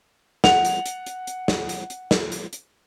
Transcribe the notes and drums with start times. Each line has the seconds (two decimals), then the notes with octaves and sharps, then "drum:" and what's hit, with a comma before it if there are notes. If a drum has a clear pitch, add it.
0.44 F#5 F7, drum: snare
0.65 drum: hi-hat
0.86 drum: hi-hat
1.06 drum: hi-hat
1.27 drum: hi-hat
1.48 drum: snare
1.69 drum: hi-hat
1.90 drum: hi-hat
2.11 drum: snare
2.32 drum: hi-hat
2.53 drum: hi-hat